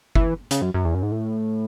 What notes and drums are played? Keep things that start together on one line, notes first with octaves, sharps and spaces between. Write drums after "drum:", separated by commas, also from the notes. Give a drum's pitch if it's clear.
E3, drum: kick G1
C#3, drum: hi-hat
F#2
F#2
E2
F#2
G#2
A2